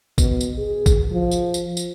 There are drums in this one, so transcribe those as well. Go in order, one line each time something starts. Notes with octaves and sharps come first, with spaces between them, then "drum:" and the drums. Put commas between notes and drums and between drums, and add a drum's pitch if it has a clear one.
B2, drum: kick, tambourine
drum: tambourine
G#4
drum: kick, tambourine
F3
drum: tambourine
drum: tambourine
drum: tambourine